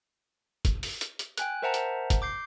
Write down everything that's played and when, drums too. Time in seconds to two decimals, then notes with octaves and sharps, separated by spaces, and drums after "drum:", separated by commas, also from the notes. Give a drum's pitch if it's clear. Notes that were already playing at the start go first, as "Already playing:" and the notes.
0.65 drum: kick, hi-hat
0.83 drum: open hi-hat
1.01 drum: hi-hat
1.19 drum: hi-hat
1.38 G5 G#5 F#6, drum: hi-hat
1.62 A#4 C5 E5 F#5 A5 A#5
1.74 drum: hi-hat
2.10 drum: kick, hi-hat
2.22 D6 G6 C7